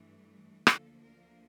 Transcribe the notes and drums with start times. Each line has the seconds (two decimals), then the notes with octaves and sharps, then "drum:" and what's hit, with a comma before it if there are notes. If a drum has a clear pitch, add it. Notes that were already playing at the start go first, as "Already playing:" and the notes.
Already playing: G2 E3 A3
0.67 D2 D3 F3 A#3 A4, drum: rim click
1.03 A#4